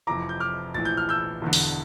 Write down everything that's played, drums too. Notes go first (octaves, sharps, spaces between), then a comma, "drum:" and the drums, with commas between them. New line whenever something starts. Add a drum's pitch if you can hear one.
F1 F2 E3 A#5 D6
G6
D6 F6
A#1 A2 E3 A6
G6
F6
E6 G6
E1 E2 D3
drum: open hi-hat